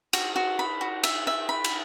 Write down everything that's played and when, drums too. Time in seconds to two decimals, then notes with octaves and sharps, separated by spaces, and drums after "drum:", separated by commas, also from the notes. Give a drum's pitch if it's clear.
0.13 F#4, drum: cymbal
0.36 F#4
0.59 B5
0.81 F#4
1.03 E5, drum: cymbal
1.27 E5
1.49 B5
1.64 drum: cymbal